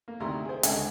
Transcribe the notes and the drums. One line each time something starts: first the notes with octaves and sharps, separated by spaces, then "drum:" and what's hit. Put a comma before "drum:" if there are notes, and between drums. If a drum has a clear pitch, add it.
A#3
D2 C3 D#3 E4 A#5 C6
G#4 C5
C#2 D3 A4 D#5 F#5 G#5, drum: hi-hat